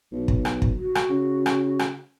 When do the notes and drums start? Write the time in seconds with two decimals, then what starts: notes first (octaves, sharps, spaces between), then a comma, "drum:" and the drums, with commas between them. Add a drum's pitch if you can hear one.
0.11 B1
0.28 drum: kick
0.45 drum: rim click
0.62 drum: kick
0.75 F#4
0.95 drum: rim click
1.09 C#3
1.46 drum: rim click
1.79 drum: rim click